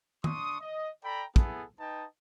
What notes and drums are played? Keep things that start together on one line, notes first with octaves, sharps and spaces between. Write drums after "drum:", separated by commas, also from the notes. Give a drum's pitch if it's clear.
D4 C6 C#6 D#6, drum: tom
D#5
A4 D5 G5 A#5 B5
B3 E4 G#4 A4, drum: kick
D#4 B4 D#5 G5 A5